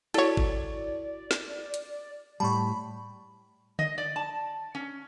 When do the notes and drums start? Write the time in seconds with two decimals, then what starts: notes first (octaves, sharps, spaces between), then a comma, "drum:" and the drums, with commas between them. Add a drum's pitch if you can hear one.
0.14 E4 F#4 A4 C#5 D5, drum: cymbal
0.37 drum: kick G#1
1.31 drum: snare
1.74 drum: hi-hat
2.40 A2 G3 A5 B5 C#6
3.79 D#5, drum: tom
3.98 D5
4.16 A5
4.75 C#4